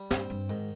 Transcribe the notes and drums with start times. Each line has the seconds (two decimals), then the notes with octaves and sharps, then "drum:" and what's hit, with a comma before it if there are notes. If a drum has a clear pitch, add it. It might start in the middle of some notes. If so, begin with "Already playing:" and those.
Already playing: G3
0.11 G2 C4, drum: snare
0.30 G2
0.49 G#2 D#3